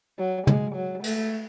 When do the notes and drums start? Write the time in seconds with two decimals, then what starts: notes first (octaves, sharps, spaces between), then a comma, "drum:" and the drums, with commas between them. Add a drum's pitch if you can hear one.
0.19 F#3
0.47 G#3, drum: tom
0.75 F#3
1.04 A3, drum: cymbal